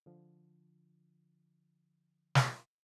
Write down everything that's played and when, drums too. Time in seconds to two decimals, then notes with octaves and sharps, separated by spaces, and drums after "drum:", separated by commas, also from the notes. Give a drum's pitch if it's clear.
0.06 D3 F3
2.35 drum: snare